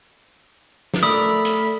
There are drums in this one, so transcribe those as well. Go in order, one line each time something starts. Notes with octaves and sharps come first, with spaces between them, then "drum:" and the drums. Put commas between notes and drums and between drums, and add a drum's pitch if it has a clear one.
drum: snare
A3 A#4 D5 E5 B5 D#6
drum: hi-hat